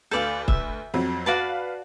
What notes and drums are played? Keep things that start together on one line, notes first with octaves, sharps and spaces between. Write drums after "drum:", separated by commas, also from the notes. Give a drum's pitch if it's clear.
D2 A4 B4 D5 F5 G6
E5, drum: kick C#1
F2 F#3 C4
F#4 B4 D5 F5 A5